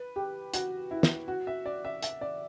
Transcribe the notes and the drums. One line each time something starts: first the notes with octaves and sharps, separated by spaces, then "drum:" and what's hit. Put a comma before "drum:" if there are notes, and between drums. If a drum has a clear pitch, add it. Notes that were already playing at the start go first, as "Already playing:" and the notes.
Already playing: B4
G4
F#4, drum: hi-hat
E4
drum: snare
F#4
E5
D5
E5
E5, drum: hi-hat
D5